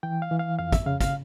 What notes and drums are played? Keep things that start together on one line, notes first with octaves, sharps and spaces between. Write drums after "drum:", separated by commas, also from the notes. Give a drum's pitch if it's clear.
E3 G5
F5
E3
F5
F2 F5
E5, drum: kick, hi-hat
C#3 F5
F5, drum: kick, hi-hat